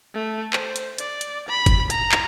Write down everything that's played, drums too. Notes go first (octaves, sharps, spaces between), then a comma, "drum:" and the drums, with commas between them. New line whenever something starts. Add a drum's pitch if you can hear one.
A3
C5, drum: clap
drum: hi-hat
D5, drum: hi-hat
drum: hi-hat
B5
drum: kick, hi-hat
A#5, drum: hi-hat
drum: clap